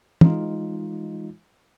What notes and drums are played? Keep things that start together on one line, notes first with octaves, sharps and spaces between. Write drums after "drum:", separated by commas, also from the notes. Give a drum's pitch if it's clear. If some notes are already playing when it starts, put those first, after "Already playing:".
E3 G#3 D#4 F4, drum: tom